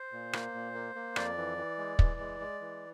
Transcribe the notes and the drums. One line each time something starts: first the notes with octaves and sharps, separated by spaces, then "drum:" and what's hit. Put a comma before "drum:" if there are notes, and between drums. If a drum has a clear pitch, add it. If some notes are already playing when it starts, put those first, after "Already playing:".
Already playing: C5
A#2
A#3, drum: rim click
A#2
A#3
A#3
F2 D5, drum: rim click
E3
E3
G#3
E3, drum: kick
G#3
G#3
E3